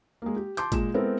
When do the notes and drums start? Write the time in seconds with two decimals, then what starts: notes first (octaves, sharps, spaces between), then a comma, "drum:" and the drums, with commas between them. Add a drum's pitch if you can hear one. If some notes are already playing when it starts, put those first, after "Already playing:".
0.22 G#3 A#3
0.36 G4
0.57 A5 C6 D6 G6, drum: hi-hat
0.72 A#2 G#3 E7, drum: kick, hi-hat
0.94 G#3 B3 C4 E4 A4 A#4